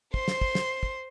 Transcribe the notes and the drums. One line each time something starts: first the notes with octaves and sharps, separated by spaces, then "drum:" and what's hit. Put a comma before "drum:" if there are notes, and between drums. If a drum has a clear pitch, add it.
C5 C6, drum: kick
drum: snare
drum: kick
drum: snare
drum: kick